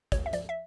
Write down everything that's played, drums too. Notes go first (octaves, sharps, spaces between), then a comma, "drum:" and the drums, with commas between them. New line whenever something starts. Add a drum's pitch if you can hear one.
D2 C#5, drum: kick G#1, hi-hat
E5
F3 D5, drum: hi-hat
E5